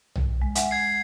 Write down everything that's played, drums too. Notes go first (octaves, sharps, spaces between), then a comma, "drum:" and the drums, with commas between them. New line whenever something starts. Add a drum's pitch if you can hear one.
drum: tom
G#3
E5 F#5 G#5, drum: hi-hat
G#6 C7